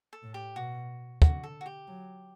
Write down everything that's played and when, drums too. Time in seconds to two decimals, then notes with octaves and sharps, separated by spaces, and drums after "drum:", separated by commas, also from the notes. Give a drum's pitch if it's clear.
0.13 A4
0.23 A2
0.34 G4
0.56 B2 F#4
1.22 D3 F#4, drum: kick
1.44 A4
1.61 F#4
1.66 G4
1.88 F#3